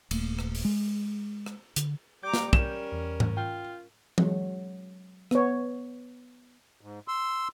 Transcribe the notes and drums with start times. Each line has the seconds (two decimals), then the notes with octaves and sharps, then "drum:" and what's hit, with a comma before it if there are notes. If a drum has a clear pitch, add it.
0.11 D#1 A3 A#3, drum: cymbal
0.39 drum: rim click
0.55 drum: open hi-hat
0.65 G#3
1.46 drum: rim click
1.76 D3, drum: hi-hat
2.23 G3 A#5 D6 G6
2.34 drum: snare
2.53 C#4 A#4 E7, drum: kick
2.92 E2
3.20 drum: tom G#2
3.37 F4 G5
4.18 F#3 G#3, drum: tom E3
5.31 B3 C#5, drum: rim click
6.81 G#2
7.08 C6 E6